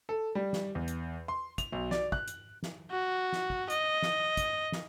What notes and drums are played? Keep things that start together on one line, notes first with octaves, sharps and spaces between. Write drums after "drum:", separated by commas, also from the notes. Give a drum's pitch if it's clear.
A4
G3
drum: snare
E2
drum: hi-hat
C6
F7, drum: kick, hi-hat
B1
D5, drum: snare
F#6, drum: kick
drum: hi-hat
drum: snare
F#4
drum: snare
drum: kick
D#5, drum: hi-hat
drum: snare
drum: kick, hi-hat
drum: snare